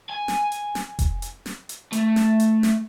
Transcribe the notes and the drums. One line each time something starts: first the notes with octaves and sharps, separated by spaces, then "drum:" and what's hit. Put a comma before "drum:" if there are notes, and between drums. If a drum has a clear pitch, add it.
G#5
drum: snare
drum: hi-hat
drum: snare
drum: kick F1, hi-hat
drum: hi-hat
drum: snare
drum: hi-hat
A3, drum: hi-hat
drum: snare
drum: hi-hat
drum: snare